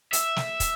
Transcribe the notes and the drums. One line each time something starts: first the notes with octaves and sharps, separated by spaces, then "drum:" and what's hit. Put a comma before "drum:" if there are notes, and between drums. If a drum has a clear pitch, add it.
E5, drum: hi-hat
drum: snare
drum: kick, hi-hat